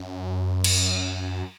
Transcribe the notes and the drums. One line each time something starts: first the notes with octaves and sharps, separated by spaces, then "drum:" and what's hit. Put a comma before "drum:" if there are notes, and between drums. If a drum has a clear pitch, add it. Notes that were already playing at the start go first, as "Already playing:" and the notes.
Already playing: F#2
drum: cymbal